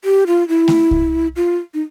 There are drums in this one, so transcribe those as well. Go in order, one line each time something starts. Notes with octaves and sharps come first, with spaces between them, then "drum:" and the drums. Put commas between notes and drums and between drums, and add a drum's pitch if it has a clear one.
G4
F4
E4
drum: snare A3
drum: kick C2
F4
D#4